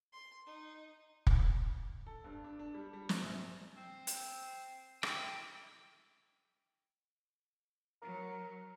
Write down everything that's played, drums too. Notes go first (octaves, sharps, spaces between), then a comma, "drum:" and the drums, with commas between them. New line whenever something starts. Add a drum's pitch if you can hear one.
C6
D#4
drum: kick
A4
G2
D4
D4
G3
G3
C3, drum: snare
A#1
C4
drum: hi-hat
E4 G5, drum: rim click
F#3 A#4